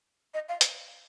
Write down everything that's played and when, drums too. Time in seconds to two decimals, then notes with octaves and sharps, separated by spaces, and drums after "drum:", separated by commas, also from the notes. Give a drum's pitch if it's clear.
0.34 D#5
0.48 F5
0.61 drum: hi-hat